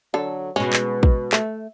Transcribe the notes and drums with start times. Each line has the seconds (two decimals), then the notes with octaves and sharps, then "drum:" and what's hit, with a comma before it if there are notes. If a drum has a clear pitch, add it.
0.14 D3 F#3 A4
0.56 B2 G#3 C#4 B4
0.73 drum: clap
1.03 drum: kick
1.33 A3, drum: clap